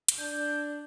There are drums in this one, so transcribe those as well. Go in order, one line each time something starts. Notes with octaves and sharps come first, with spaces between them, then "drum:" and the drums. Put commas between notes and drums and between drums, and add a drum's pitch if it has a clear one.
drum: hi-hat
D4 G6